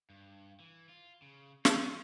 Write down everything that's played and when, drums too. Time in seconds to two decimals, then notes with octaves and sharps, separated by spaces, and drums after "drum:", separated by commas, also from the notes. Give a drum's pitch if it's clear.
0.10 G2
0.60 E3
0.89 F4
1.22 C#3
1.65 D#4, drum: snare